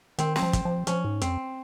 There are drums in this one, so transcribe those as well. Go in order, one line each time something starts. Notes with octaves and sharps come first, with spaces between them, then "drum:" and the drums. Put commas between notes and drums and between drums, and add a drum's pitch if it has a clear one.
D#3 C4, drum: hi-hat
C4, drum: snare
F3
drum: kick, hi-hat
F3
F3 C#4, drum: hi-hat
G#2
F2 C4, drum: hi-hat